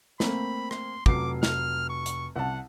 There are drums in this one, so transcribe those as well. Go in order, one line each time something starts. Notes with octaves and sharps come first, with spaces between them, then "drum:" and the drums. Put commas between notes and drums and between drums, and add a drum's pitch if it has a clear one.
A3 A#3 C4 B5, drum: snare
C6, drum: rim click
F1 F#3 D6 C7, drum: kick
F6, drum: snare
C#6
drum: hi-hat
C2 F#5 A5